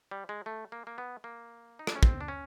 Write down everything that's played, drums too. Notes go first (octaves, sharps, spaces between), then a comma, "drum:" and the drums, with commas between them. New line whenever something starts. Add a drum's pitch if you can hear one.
G3
G#3
A3
A#3
A#3
B3
A#3
D#4
D4, drum: rim click
C#4
C4, drum: kick
D4
C#4